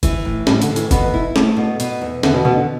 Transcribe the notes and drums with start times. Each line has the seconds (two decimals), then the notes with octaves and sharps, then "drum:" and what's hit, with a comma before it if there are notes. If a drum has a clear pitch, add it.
0.03 E3, drum: kick, hi-hat
0.25 A2
0.47 A2 G3, drum: snare
0.62 D3, drum: hi-hat
0.70 A2
0.76 E3, drum: hi-hat
0.91 B2 B3, drum: kick, hi-hat
1.14 E4
1.36 A3, drum: snare
1.57 B2
1.80 B2, drum: hi-hat
2.02 E2
2.23 E2 D3, drum: snare
2.34 B2
2.45 B2 B3
2.57 D3